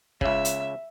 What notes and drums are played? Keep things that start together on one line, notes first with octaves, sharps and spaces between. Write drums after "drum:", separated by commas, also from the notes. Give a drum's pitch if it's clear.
C#2 C#3 E5, drum: kick
drum: hi-hat